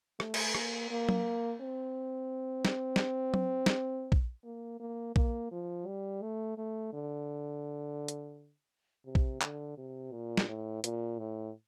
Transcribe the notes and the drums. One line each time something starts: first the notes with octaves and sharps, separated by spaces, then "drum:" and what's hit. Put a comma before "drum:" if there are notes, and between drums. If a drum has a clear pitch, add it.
A3, drum: rim click
drum: cymbal
A#3, drum: rim click
A#3
drum: tom F#3
C4
drum: snare
drum: snare
drum: tom F#3
drum: snare
drum: kick A#1
A#3
A#3
A#3, drum: kick A#1
F3
G3
A3
A3
D3
drum: hi-hat
C3
drum: kick A#1
D3, drum: clap
C3
A#2
drum: snare
A2
A#2, drum: hi-hat
A2